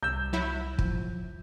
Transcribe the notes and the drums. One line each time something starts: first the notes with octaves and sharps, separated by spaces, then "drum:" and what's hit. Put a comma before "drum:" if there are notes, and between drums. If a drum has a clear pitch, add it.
C2 E6 G6
F#3 E4
F3, drum: kick